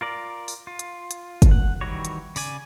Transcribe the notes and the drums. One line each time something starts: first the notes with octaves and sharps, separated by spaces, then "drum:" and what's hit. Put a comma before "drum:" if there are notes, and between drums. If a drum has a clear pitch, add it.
F4 A#4 D5
drum: open hi-hat
F4
drum: hi-hat
drum: hi-hat
drum: kick, hi-hat
F#5
D#3 E3 G3 F#4 C#5
drum: hi-hat
C#3 D5 G#5, drum: open hi-hat